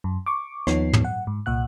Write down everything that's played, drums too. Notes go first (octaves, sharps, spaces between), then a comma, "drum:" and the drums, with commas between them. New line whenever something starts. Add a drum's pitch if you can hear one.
F#2
C#6 D6
D#2 F3 B3 D#4 C#5 C7, drum: rim click
drum: tom
F#5
G#2
C2 A#2 F#5 F#6